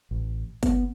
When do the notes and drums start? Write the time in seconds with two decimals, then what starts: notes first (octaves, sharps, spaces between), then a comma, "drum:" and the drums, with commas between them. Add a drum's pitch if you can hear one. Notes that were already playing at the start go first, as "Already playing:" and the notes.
0.11 A1
0.63 B3, drum: kick F#1, hi-hat